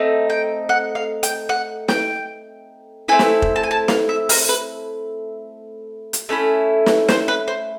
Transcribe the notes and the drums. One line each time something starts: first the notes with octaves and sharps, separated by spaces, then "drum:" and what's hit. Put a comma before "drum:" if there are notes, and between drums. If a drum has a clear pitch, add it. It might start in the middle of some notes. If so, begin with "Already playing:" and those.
Already playing: A3 C4 D#4
G5
F#5
F5
G5, drum: hi-hat
F#5
G5, drum: snare
A3 C4 E4 G#5
drum: snare
drum: kick F1
A5
G#5
A5
F5, drum: snare
E5
A#4, drum: open hi-hat
B4
drum: hi-hat
A3 C#4 E4
drum: snare
C5, drum: snare
B4
C5